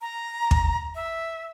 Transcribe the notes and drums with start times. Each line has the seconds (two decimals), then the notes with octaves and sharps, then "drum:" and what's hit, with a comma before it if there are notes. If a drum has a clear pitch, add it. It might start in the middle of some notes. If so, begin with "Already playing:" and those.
0.01 A#5
0.51 drum: kick
0.95 E5